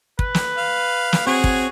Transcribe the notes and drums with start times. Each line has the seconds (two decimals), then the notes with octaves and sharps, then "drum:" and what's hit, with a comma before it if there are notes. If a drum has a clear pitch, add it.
0.19 B4, drum: kick
0.35 drum: snare
0.57 F5
1.13 drum: snare
1.27 C4 F#4 G#4 C#5
1.44 drum: kick